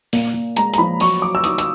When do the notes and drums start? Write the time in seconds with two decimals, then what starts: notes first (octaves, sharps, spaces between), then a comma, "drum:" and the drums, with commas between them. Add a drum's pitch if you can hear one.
0.13 A#2, drum: open hi-hat
0.34 A#2
0.56 G#3 A#5, drum: hi-hat
0.74 A#5, drum: hi-hat
0.78 F3 B5
1.00 F#3 C#6, drum: open hi-hat
1.22 F#3 D6
1.35 E6
1.44 D#4 D#6, drum: hi-hat
1.58 E6, drum: hi-hat